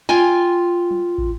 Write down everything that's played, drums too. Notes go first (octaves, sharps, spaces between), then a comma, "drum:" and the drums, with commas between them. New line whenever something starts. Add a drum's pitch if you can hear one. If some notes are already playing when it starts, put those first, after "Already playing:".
F4 G5 G#5, drum: snare
drum: tom F#3
drum: kick